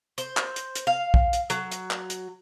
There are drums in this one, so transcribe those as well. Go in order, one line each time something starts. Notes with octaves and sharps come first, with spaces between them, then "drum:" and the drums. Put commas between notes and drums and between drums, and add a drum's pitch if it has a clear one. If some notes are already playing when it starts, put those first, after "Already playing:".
C5, drum: hi-hat
drum: clap
drum: hi-hat
drum: hi-hat
F5
drum: kick
drum: hi-hat
F#3, drum: hi-hat
drum: hi-hat
drum: clap
drum: hi-hat